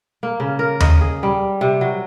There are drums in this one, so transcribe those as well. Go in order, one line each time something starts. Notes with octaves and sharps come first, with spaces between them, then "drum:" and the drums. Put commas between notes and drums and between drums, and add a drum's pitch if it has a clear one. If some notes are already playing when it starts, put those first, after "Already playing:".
A#3
C#3
A#4
D#5, drum: tom D#2
G#4
G3
C3
F#3